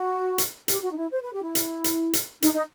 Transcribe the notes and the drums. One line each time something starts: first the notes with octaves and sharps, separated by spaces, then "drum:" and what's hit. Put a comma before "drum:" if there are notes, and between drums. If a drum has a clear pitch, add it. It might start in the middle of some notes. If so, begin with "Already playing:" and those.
Already playing: F#4
drum: hi-hat
G4, drum: hi-hat
F#4
D#4
E4
C5
B4
G4
E4
drum: hi-hat
drum: hi-hat
drum: hi-hat
D#4, drum: hi-hat
D#4